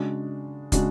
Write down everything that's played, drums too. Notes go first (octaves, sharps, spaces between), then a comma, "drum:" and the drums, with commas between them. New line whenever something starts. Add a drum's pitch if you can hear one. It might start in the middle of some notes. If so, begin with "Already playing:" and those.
Already playing: C#3 G#3 D4 F#4
C#3 G#3 D4 F#4, drum: kick, hi-hat